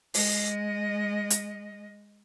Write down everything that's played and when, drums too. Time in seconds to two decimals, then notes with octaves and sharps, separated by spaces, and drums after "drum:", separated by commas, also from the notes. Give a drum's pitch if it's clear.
0.14 G#3 D#5, drum: open hi-hat
1.30 drum: hi-hat